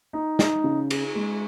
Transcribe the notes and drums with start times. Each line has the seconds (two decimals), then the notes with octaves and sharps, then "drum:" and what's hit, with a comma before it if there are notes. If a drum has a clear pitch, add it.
0.13 D#4
0.39 D#4, drum: snare
0.64 C#3
0.91 G#4, drum: cymbal
1.15 G#3